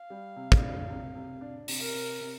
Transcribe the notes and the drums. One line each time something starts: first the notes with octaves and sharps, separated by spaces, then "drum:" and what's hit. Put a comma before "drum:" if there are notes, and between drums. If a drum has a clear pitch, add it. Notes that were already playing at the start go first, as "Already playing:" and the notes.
Already playing: F5
G3
C3
drum: kick
D4
C3
C3
D4
C3, drum: open hi-hat
A#4
C3
C3